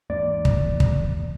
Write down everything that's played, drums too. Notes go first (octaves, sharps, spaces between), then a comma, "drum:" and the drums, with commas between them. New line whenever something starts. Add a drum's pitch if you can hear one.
E2 G#2 A#3 D5
drum: kick
drum: kick